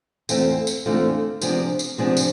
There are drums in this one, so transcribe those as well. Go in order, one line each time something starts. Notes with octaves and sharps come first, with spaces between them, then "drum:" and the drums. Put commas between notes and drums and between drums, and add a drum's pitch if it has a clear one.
E2 D3 A3 C4 F4, drum: tambourine
drum: tambourine
E2 D3 A3 C4 F4
C3 F3 B3 D4 G#4, drum: tambourine
drum: tambourine
C3 F3 B3 D4 G#4
drum: tambourine